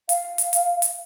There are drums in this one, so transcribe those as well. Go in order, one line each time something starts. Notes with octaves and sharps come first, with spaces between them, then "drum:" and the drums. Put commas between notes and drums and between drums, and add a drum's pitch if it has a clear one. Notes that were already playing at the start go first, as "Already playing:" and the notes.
F5, drum: hi-hat
drum: hi-hat
drum: hi-hat
drum: hi-hat